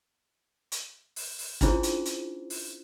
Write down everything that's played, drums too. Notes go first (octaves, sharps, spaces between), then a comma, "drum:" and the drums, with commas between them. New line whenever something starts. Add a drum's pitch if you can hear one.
drum: hi-hat
drum: open hi-hat
drum: open hi-hat
C#4 D4 E4 F4 G#4 C5, drum: kick, hi-hat
drum: hi-hat
drum: hi-hat
drum: open hi-hat